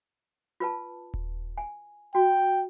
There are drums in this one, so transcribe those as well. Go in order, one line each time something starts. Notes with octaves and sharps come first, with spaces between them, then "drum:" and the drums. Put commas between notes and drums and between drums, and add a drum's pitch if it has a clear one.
F4 B4 A5
drum: kick D#1
G#5
F#4 G5